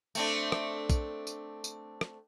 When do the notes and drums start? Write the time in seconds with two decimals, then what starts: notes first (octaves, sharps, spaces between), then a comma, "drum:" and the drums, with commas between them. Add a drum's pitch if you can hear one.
0.15 A3 C4 D4, drum: tambourine
0.52 drum: rim click
0.90 drum: kick, tambourine
1.27 drum: tambourine
1.64 drum: tambourine
2.01 drum: rim click